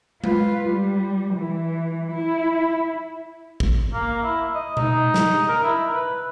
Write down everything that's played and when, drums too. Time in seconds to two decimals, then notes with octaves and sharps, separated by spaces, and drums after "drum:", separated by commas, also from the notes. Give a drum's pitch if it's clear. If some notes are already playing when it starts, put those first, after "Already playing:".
0.24 F4 B4, drum: tom G#3
0.69 G3
1.35 E3
2.12 E4
3.60 drum: kick
3.93 A#3
4.23 E4
4.55 D#5
4.77 D#4, drum: tom B2
5.14 drum: snare
5.48 A#4
5.63 E4
5.94 B4